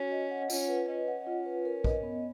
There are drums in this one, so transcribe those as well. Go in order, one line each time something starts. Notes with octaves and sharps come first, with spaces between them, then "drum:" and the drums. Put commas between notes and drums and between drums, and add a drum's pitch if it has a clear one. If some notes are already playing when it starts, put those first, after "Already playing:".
Already playing: C#4 F#4
D#5
F#5
C#4 F4, drum: tambourine
B4
C#4 D#5
F#5
C#4 F4
B4
A#4
D#5, drum: kick A#1
B3